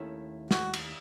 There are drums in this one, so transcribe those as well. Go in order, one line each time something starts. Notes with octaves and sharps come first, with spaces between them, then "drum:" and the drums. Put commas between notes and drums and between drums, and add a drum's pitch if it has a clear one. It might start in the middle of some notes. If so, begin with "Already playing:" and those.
Already playing: D#2 D#3 A3 C#4 E4
F#4, drum: snare
drum: cymbal